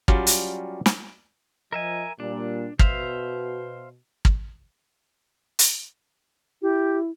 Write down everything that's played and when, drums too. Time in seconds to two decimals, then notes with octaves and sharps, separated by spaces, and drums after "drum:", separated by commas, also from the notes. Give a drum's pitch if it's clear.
0.08 F#3 G3 C#4 F4 G4 D5, drum: kick
0.27 drum: hi-hat
0.86 drum: snare
1.72 F3 A#4 D#5 E5 G#5
2.20 A#2 G3 D4
2.79 B2 C5 E5 F5, drum: kick
4.25 drum: kick
5.59 drum: hi-hat
6.62 E4 G4